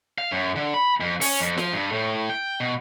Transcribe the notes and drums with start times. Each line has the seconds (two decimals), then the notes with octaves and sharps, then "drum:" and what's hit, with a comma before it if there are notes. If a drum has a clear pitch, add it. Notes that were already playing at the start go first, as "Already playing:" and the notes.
0.18 F5
0.32 F#2
0.56 D3
0.74 B5
1.00 F2
1.21 C#4, drum: open hi-hat
1.40 F2
1.58 F3, drum: snare F4
1.73 G2
1.92 A2
2.29 G5
2.60 B2